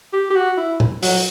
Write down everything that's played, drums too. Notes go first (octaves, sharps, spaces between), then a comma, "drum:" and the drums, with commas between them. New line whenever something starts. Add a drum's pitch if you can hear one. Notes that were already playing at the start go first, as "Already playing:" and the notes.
G4
G4
F#4
E4
drum: tom A#2
F#3, drum: open hi-hat